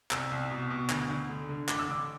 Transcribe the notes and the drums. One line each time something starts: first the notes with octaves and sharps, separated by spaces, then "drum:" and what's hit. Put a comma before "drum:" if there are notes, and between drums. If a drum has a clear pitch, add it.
C2 E6, drum: clap
C2
B2
B2
D2, drum: clap
D2
D3
D3
A1 D6, drum: clap
E6
D3 D6